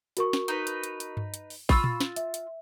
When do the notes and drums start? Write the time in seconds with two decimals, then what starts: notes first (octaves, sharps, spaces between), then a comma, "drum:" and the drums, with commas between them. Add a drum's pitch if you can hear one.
0.17 F#4 A#4 C#6, drum: hi-hat
0.33 drum: snare
0.48 D#4 B4, drum: hi-hat
0.67 drum: hi-hat
0.84 drum: hi-hat
1.00 drum: hi-hat
1.17 drum: tom G2
1.34 drum: hi-hat
1.50 drum: open hi-hat
1.69 F4 B5 C#6 D#6 E6, drum: kick A#1, open hi-hat
1.84 drum: tom A#2
2.01 drum: snare
2.16 E5, drum: hi-hat
2.34 drum: hi-hat